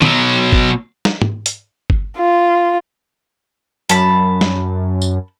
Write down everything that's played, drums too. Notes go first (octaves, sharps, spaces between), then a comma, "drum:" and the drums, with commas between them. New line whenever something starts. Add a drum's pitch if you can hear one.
B2 F#3, drum: tom
drum: kick G1
drum: snare
drum: tom
drum: hi-hat
drum: kick G1
F4
F#2 A5 B5, drum: hi-hat
drum: snare
drum: tambourine